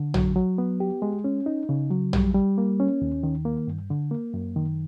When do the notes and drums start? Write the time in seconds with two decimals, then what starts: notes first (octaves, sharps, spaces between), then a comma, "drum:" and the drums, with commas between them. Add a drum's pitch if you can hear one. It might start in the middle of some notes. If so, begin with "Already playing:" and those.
Already playing: D3
0.14 F#3, drum: tom A#1
0.36 F#3
0.58 B3
0.80 G4
1.02 G#3
1.24 C#4
1.46 D#4
1.69 C#3
1.90 F#3
2.13 G3, drum: tom A#1
2.35 G3
2.58 A#3
2.80 C#4
3.02 D#2
3.23 D#3
3.45 A#3
3.67 G2
3.90 D3
4.11 A#3
4.34 F#2
4.56 D#3